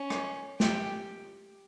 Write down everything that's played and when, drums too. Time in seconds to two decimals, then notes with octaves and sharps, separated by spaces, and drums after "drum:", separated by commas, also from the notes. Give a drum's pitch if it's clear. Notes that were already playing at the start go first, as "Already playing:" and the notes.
Already playing: C#4
0.10 drum: rim click
0.60 G4, drum: snare